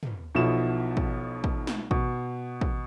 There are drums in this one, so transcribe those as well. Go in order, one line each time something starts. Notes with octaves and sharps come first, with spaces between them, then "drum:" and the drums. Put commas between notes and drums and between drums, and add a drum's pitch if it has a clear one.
drum: tom
B1 B2 F3 E4 E7
drum: kick
drum: kick
drum: snare
B2, drum: kick
drum: kick